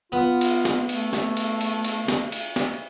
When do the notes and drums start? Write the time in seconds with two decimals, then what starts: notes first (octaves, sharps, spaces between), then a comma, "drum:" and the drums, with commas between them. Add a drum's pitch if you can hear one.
0.12 B3 F4
0.41 drum: cymbal
0.65 drum: snare
0.89 A3, drum: cymbal
1.13 drum: snare
1.37 drum: cymbal
1.61 drum: cymbal
1.85 drum: cymbal
2.08 drum: snare
2.32 drum: cymbal
2.56 drum: snare